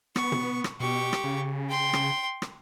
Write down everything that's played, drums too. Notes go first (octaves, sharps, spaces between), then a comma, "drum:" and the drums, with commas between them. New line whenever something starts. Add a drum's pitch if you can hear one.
B3 C#6, drum: rim click
drum: tom
drum: rim click
B2 G4 C#6
drum: rim click
C#3
G5 C6
drum: rim click
drum: rim click